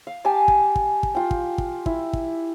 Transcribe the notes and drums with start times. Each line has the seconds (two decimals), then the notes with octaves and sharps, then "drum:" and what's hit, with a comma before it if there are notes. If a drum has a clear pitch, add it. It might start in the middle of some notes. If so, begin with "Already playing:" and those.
0.07 F5
0.25 G4 G#5 A5 D6
0.48 drum: kick
0.76 drum: kick
1.03 drum: kick
1.15 F4 G5
1.31 drum: kick
1.58 drum: kick
1.86 E4, drum: kick
2.13 drum: kick